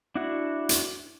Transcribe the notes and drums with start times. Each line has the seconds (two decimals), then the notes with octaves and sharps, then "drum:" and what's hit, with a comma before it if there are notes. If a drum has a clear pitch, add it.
0.15 D4 E4 F#4 F#5
0.69 drum: hi-hat